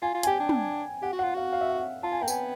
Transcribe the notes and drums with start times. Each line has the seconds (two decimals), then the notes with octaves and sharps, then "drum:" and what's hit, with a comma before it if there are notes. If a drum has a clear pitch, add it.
0.02 F4 G#5
0.14 F4
0.23 G#5, drum: hi-hat
0.27 G4 G5
0.40 D4
0.49 drum: tom
1.02 G4 F#5
1.13 F#4
1.19 F4 F#5
1.35 F#4 F5
1.53 F5
1.61 E5
1.69 F5
1.77 F#5
2.03 F4 A5
2.12 G#5
2.22 A#3 G5
2.28 B3 G#5, drum: tambourine